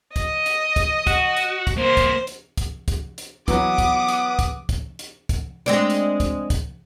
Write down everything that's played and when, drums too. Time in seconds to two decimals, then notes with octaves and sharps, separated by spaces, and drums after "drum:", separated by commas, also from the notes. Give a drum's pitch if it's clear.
0.16 D#5, drum: kick, hi-hat
0.46 drum: hi-hat
0.76 drum: kick, hi-hat
1.07 F#4, drum: kick, hi-hat
1.37 drum: hi-hat
1.67 drum: kick, hi-hat
1.78 C2 A#3 C5
1.97 drum: kick, hi-hat
2.27 drum: hi-hat
2.57 drum: kick, hi-hat
2.88 drum: kick, hi-hat
3.18 drum: hi-hat
3.48 E3 F#3 B3 F#5 D6 D#6, drum: kick, hi-hat
3.78 drum: kick, hi-hat
4.09 drum: hi-hat
4.39 drum: kick, hi-hat
4.69 drum: kick, hi-hat
4.99 drum: hi-hat
5.29 drum: kick, hi-hat
5.66 G#3 C4 D4
5.90 drum: hi-hat
6.20 drum: kick, hi-hat
6.50 drum: kick, hi-hat